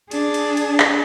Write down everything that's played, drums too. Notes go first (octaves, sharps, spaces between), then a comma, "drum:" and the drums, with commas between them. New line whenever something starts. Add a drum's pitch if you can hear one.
D4 G#4, drum: cymbal
drum: cymbal
drum: cymbal
drum: clap